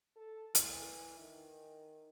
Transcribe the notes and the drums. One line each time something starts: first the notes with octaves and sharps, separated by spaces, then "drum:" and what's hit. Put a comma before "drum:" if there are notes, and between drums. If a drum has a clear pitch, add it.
A4
E3, drum: hi-hat
D#3